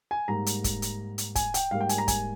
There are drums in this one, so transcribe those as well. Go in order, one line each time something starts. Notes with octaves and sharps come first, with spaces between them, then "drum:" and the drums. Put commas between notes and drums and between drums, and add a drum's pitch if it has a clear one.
G#5
G#2 G3 A#3 A#5
drum: hi-hat
drum: kick, hi-hat
drum: hi-hat
drum: hi-hat
G#5, drum: kick, hi-hat
G5, drum: hi-hat
G#2 G3 A#3 F5
G5
G#5, drum: hi-hat
A#5
G#5, drum: kick, hi-hat